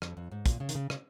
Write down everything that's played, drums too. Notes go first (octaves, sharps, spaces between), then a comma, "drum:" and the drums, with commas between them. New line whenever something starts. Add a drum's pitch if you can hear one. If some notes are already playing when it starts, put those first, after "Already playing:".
F2, drum: rim click
F2
G#2
A#2, drum: kick, hi-hat
C#3
D#3, drum: hi-hat
C#3
C#3, drum: rim click